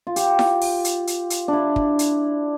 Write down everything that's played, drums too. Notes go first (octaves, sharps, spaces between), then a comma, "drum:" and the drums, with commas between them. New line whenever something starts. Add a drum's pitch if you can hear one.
F4
G4, drum: hi-hat
drum: snare E4
drum: open hi-hat
drum: hi-hat
drum: hi-hat
drum: hi-hat
D4 E4
drum: kick
drum: hi-hat